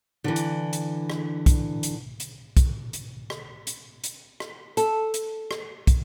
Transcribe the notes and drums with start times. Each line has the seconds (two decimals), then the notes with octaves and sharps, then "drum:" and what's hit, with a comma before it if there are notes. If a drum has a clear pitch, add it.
0.24 D3 E3
0.36 drum: hi-hat
0.73 drum: hi-hat
1.10 drum: rim click
1.46 drum: kick, hi-hat
1.83 drum: hi-hat
2.20 drum: hi-hat
2.57 drum: kick, hi-hat
2.93 drum: hi-hat
3.30 drum: rim click
3.67 drum: hi-hat
4.04 drum: hi-hat
4.40 drum: rim click
4.77 A4, drum: hi-hat
5.14 drum: hi-hat
5.51 drum: rim click
5.87 drum: kick, hi-hat